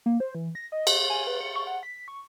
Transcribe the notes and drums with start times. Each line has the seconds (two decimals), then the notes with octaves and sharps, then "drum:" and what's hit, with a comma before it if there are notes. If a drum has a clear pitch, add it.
0.06 A#3
0.20 C5
0.35 E3
0.55 A#6
0.72 D#5
0.87 drum: cymbal
1.10 G#5
1.27 B4
1.41 C#7
1.56 C#6
1.67 F#5
1.83 B6
2.08 C#6